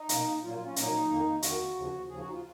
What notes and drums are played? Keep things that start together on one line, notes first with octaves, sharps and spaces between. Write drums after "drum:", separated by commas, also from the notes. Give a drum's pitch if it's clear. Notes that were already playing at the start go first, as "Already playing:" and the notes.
Already playing: D#4
B2 A#3, drum: hi-hat
A#2 F#3 A#3 F4
F4
C#4
A#2 F#3 A#3 D#4, drum: hi-hat
F2 D#3 A#3
F2 D#3 A#3 F#4, drum: hi-hat
D#2 C#3 F3
D#2 C#3 F3 G#4
F#4
D#4
F4